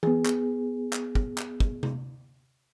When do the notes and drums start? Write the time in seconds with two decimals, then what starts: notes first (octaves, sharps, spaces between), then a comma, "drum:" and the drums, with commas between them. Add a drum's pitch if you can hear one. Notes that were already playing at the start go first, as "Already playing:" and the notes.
0.03 B3 G#4, drum: tom E3
0.25 drum: clap
0.93 drum: clap
1.15 drum: kick
1.38 drum: clap
1.60 drum: kick
1.83 drum: tom C3